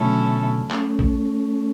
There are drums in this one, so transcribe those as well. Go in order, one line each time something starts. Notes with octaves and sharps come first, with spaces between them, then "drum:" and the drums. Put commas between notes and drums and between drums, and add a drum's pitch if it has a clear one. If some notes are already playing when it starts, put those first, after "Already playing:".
Already playing: B2 D3 F#3 A3 C#4 E4 A4
A3 C#4, drum: clap
drum: kick